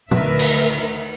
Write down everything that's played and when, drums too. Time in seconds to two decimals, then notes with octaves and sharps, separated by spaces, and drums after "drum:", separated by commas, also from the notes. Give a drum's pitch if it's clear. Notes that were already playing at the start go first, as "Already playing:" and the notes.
0.11 D2 D3 D#3 A#4 B4 E5, drum: tom
0.39 drum: cymbal